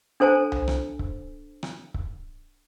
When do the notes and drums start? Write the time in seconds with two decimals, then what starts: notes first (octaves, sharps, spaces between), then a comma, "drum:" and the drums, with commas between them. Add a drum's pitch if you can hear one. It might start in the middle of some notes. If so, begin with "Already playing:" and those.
0.20 D4 A4 C5 G#5 A5
0.52 drum: tom C2
0.68 drum: rim click
0.99 drum: kick C#1
1.63 drum: rim click
1.94 drum: kick C#1